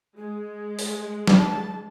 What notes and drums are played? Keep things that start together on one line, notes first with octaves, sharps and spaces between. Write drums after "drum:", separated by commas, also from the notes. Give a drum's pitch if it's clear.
G#3 G#4
drum: open hi-hat
drum: snare
A5